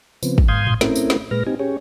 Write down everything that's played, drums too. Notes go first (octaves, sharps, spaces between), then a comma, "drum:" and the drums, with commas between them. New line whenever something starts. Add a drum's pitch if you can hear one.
C#3 F3 B3 C4, drum: tambourine
drum: kick
G#2 F5 C6 D#6 G6 G#6
drum: tom A2
A3 C4 C#4 E4 A#4, drum: snare
drum: tambourine
drum: snare
A#2 G#3 B4 F6 A#6
C4 D#4 G4 G#5
C#4 G4 G#4 C#5